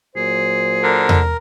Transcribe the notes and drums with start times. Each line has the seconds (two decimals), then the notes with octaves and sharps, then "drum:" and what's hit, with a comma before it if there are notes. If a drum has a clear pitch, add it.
0.16 A#2 F#3 G#4 C5
0.83 D3 A#4
1.09 drum: tom E2